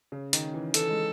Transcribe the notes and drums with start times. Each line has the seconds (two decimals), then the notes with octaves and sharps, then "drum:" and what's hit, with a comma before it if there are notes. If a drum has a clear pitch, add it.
0.12 C#3
0.33 D#3, drum: hi-hat
0.54 E3
0.74 E3 A4, drum: hi-hat
0.90 G#3